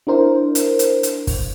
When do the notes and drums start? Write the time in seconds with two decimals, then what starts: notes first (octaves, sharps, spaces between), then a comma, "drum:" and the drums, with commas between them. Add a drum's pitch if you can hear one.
0.07 D4 E4 A#4 C5
0.55 drum: hi-hat
0.79 drum: hi-hat
1.03 drum: hi-hat
1.27 drum: kick, open hi-hat